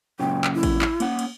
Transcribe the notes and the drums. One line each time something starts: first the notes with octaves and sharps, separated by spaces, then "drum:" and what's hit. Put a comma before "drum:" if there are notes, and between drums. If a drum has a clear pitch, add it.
F#2 A#2 C#3 G5
drum: clap
E4
drum: kick A1, cymbal
drum: clap
A#3 C#4 F#5, drum: cymbal
drum: cymbal